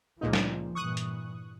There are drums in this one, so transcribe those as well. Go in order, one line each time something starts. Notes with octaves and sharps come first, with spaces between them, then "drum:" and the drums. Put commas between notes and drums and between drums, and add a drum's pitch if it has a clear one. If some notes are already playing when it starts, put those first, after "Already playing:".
C#2 A#2 F3 D#4
drum: snare
G2 A#2 E3 C#6 D#6 F#6
drum: hi-hat